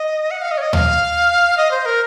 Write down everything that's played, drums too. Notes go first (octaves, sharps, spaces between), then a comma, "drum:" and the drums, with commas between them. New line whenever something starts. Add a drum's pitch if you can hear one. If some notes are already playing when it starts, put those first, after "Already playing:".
Already playing: D#5
F#5
F5
D#5
C#5
D#5
F5, drum: tom D#2
D#5
C5
A#4